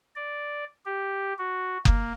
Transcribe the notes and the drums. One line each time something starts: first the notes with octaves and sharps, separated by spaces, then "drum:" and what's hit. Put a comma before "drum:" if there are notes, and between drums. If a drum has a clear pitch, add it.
D5
G4
F#4
A#3, drum: kick F#1